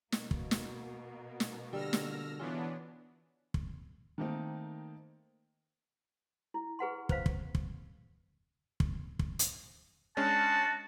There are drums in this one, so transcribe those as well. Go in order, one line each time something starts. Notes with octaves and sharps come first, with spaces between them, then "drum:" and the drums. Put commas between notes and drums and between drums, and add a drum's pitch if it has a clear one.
B2 A#3, drum: snare
drum: kick
drum: snare
drum: snare
D3 G3 E6 F6 A#6
drum: snare
E3 B3 C#4 D4 F4 G#4
drum: kick
D#3 A3 A#3 C4 D#4
E4
G#4 B4 F#5 C6
B4 C5 F5, drum: kick
drum: kick
drum: kick
drum: kick
drum: kick
drum: hi-hat
G#3 C#4 D4 F#4 A5